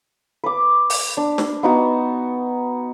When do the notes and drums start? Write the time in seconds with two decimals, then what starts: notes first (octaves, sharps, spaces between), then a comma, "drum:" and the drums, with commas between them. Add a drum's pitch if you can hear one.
0.44 B4 D6
0.90 drum: open hi-hat
1.17 D4
1.38 drum: snare
1.63 B3 D#4 F#4